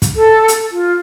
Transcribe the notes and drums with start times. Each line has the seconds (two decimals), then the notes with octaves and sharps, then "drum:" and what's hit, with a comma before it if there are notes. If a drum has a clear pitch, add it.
0.02 drum: kick, hi-hat
0.16 A4
0.48 drum: hi-hat
0.71 F4